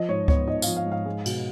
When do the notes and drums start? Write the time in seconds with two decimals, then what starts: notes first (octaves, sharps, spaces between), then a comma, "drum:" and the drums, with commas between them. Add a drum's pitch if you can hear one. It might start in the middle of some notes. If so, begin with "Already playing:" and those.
Already playing: F3 D#5
0.09 G#2 C#5
0.28 B3 C#5, drum: kick C#2
0.47 D#4 D#5
0.62 F3 F5, drum: tambourine
0.76 F5
0.86 G#2
0.92 F5
1.06 G#3
1.26 B2, drum: cymbal